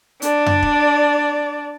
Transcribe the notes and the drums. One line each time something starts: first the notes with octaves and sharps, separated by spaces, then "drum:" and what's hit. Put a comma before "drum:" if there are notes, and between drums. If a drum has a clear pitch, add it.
D4 D5, drum: hi-hat
drum: tom F#2
drum: kick